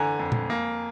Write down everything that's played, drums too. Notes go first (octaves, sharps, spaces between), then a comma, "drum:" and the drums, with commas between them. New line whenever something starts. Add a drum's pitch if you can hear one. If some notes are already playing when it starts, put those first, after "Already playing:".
Already playing: D3 E3 G#5 A#5
F2
drum: tom A#2
A#3